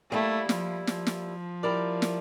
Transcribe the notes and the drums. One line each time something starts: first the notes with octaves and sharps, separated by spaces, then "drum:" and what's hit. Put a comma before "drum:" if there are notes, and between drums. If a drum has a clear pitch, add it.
G3 A3 A#3 E4
F3, drum: snare
F3, drum: snare
drum: snare
G3 A#3 E4 A#4 D5
drum: snare